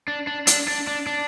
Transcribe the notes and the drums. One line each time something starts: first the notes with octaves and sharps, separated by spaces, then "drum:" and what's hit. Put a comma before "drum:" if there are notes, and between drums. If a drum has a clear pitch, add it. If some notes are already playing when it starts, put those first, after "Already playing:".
D4
D4
D4, drum: hi-hat
D4
D4
D4